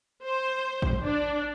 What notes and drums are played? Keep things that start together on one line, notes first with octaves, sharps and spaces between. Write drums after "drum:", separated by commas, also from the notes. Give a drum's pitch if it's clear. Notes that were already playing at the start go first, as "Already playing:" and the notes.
C5
drum: kick A1
D4